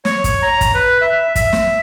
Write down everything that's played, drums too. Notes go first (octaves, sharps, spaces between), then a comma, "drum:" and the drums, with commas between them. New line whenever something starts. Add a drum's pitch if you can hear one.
C#5, drum: snare
drum: kick, hi-hat
A#5
drum: kick, hi-hat
B4
E5
E5, drum: kick, hi-hat
drum: snare